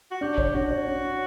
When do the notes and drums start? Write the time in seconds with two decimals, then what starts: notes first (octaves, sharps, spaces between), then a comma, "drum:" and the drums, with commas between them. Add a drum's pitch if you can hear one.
0.11 F#4
0.21 D4 G4
0.38 C#5, drum: kick A1
0.54 D4 F#4
0.71 C#5
0.87 D4
1.04 D4